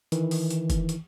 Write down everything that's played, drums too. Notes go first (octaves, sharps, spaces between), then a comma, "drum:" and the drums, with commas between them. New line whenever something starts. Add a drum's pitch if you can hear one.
D#3 E3, drum: hi-hat
drum: open hi-hat
drum: hi-hat
drum: kick, hi-hat
drum: hi-hat